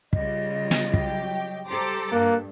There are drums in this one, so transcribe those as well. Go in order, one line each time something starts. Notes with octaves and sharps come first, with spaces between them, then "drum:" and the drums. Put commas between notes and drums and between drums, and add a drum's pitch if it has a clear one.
C#3 G3 F4 D#5, drum: kick
drum: snare
F#3 G4 G5, drum: kick
G3 G4 A4 C5 A#5 D6
G2 A#3 F#6